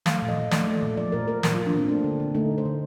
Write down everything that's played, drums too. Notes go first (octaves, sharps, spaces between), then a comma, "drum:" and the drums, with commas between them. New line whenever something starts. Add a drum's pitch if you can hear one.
A3 F5, drum: snare
A#2
D#5
A#2
A3 D5, drum: snare
A3
A#2
F3 D5
A#2 A#4
A#3 A#4
A#2, drum: snare
F4
F3
D4
A#2 C4
A3 D4
D3
D3
A3 D#4
A3
C5
D3